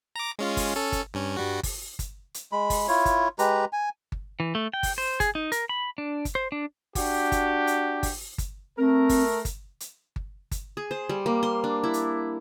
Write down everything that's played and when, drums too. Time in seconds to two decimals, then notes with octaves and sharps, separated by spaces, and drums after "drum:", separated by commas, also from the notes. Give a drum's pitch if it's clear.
0.16 A#5 D6
0.39 G#3 C#4 F4
0.57 drum: kick G1, open hi-hat
0.75 C#4 A4
0.92 drum: kick G1, hi-hat
1.14 G2 C#4
1.37 G2 G3 F#4
1.63 drum: kick G1, open hi-hat
1.99 drum: kick G1, hi-hat
2.34 drum: hi-hat
2.52 G#3 B5
2.70 drum: kick G1, open hi-hat
2.88 E4 F4 C#5
3.05 drum: kick G1, hi-hat
3.39 G#3 G4 B4 A#5, drum: hi-hat
3.73 G#5
4.12 drum: kick G1
4.40 E3
4.55 A3
4.74 G5
4.83 drum: kick G1, open hi-hat
4.98 C5
5.20 G#4, drum: kick G1, hi-hat
5.35 D#4
5.52 A#4, drum: hi-hat
5.69 B5
5.98 D4
6.25 drum: kick G1, hi-hat
6.35 C5
6.52 D4
6.95 D4 F#4 G4, drum: kick G1, open hi-hat
7.32 drum: kick G1, hi-hat
7.67 drum: hi-hat
8.03 drum: kick G1, open hi-hat
8.38 drum: kick G1, hi-hat
8.78 A3 C4 A#4
9.09 drum: kick G1, open hi-hat
9.45 drum: kick G1, hi-hat
9.80 drum: hi-hat
10.16 drum: kick G1
10.51 drum: kick G1, hi-hat
10.77 G#4
10.91 C5
11.09 G3
11.26 A#3
11.43 C6
11.64 D4
11.84 E4
11.94 drum: hi-hat